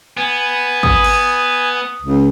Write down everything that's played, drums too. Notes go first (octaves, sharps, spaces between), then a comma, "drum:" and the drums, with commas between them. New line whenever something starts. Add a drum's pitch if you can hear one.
B3 G#5
D#6, drum: kick
drum: cymbal
C#2